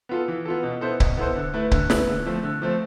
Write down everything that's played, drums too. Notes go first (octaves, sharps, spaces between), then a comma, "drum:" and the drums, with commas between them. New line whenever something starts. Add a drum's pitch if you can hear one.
B3 F4 A4
E3
B3 F4 A4
B2
B3 E4 A4 C5
B2, drum: kick C#1
B3 E4 A4 C5
D3
A3 E4 B4
D3, drum: kick C#1
A3 E4 B4, drum: snare
D3
F3 A3 C4
D3
F3 A3 C4